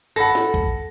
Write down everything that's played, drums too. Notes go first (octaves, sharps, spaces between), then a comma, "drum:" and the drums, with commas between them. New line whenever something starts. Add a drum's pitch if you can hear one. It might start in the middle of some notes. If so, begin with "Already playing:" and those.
A4 F#5 B5 A#6
drum: snare
drum: kick A#1